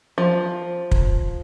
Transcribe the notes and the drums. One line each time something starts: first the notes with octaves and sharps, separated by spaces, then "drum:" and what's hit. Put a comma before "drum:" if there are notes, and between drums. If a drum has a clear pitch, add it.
F3
drum: kick